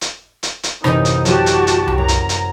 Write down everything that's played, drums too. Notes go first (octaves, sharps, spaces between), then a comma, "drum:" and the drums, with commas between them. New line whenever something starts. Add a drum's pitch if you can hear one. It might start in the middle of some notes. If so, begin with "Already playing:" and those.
drum: hi-hat
drum: hi-hat
drum: hi-hat
A1 F#2 C3 D#4, drum: rim click
drum: hi-hat
F#3 F#4 G4 A5 D#7, drum: hi-hat
drum: hi-hat
drum: hi-hat
drum: tom C2
F#2 A#5
drum: hi-hat
drum: hi-hat